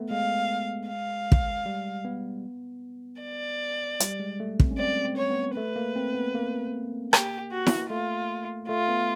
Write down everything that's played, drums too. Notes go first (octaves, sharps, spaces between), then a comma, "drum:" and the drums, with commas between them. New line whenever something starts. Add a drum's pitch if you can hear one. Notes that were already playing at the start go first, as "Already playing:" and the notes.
Already playing: A3 B3
G#3 F5
F5
drum: kick
G3
B3
D5
G3, drum: hi-hat
G#3
A3
C4, drum: kick
C#4
C4 D5
C4
C#5
B3
A3 B4
A#3
C4
B3
A#3
G4, drum: rim click
F#4
drum: snare E4
A3 F4
A3 F4
B3